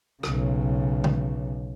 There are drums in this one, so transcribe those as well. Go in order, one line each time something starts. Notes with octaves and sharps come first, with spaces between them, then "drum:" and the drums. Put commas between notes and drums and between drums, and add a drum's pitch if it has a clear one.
B1 C#3, drum: rim click
drum: tom